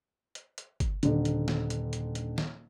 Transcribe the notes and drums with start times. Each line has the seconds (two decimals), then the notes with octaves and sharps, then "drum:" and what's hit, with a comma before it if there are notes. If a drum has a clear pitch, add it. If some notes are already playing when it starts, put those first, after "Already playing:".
0.35 drum: hi-hat
0.58 drum: hi-hat
0.80 drum: kick G1, hi-hat
1.03 D#1 D3, drum: hi-hat
1.25 drum: hi-hat
1.48 drum: snare
1.70 drum: hi-hat
1.93 drum: hi-hat
2.15 drum: hi-hat
2.38 drum: snare